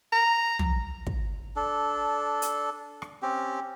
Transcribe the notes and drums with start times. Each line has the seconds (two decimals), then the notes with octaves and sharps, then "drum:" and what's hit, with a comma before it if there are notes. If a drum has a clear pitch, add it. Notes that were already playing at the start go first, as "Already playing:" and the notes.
0.12 A#5
0.59 drum: tom
1.07 drum: kick
1.56 D4 A4
2.42 drum: hi-hat
3.02 drum: rim click
3.22 C4 C#4 G4